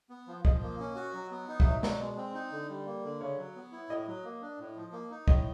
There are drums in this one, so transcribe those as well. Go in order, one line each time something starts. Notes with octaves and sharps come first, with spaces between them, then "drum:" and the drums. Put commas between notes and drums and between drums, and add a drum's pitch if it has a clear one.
B3
F3
F3 D#5, drum: kick
A#3
C#4
F#4
F#3
B3
D#4
E5, drum: kick
F#3
D#5
B2 D5, drum: snare
G#3
C4
D#4
D3
G3
A#3
D3
C#3 C#5
F#3
B3
E4
A2 D#5
F#3
A#3
D4
A2
F3
A#3
D#4
A2 D#5, drum: kick